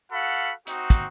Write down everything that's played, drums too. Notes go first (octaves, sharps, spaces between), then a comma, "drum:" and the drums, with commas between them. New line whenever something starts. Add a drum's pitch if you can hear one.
F#4 A4 F5 F#5 B5
C4 D#4 F#4, drum: hi-hat
drum: kick, hi-hat